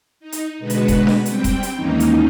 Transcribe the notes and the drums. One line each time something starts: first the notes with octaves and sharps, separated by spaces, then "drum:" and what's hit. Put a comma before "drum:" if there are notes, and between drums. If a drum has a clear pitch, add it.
D#4
drum: hi-hat
B2 D3 G#3 B3 F#4 B4
drum: hi-hat
drum: kick D#1, hi-hat
drum: snare D4
G3 C4 G5, drum: hi-hat
drum: kick D#1, hi-hat
drum: hi-hat
D#2 G#2 E3 A#3 C#4 D#4
drum: hi-hat